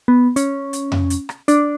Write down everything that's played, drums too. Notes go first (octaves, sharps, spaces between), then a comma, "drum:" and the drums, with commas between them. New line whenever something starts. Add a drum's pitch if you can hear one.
B3
C#4, drum: hi-hat
drum: hi-hat
drum: tom F2
drum: hi-hat
drum: rim click
D4, drum: hi-hat